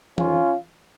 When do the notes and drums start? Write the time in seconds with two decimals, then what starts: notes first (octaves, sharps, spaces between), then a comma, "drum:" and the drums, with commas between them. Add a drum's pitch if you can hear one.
0.18 F2 D#3 C#4 F4, drum: tom E3